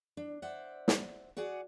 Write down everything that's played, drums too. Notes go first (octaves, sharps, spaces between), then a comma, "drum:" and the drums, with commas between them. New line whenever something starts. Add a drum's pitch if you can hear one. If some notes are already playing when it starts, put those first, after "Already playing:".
D4
C5 D5 E5 F#5
drum: snare
F#4 G#4 D5 F#5 G#5